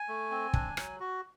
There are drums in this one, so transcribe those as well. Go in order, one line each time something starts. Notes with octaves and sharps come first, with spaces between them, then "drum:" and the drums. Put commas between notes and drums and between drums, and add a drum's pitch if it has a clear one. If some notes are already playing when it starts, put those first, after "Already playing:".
Already playing: G#5
A3
C4
D4, drum: kick
F#3, drum: rim click
F#4